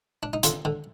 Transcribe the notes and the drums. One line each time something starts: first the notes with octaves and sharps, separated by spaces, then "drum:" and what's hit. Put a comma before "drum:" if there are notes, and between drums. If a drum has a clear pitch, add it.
D4
D#4
D3 F4, drum: hi-hat
D3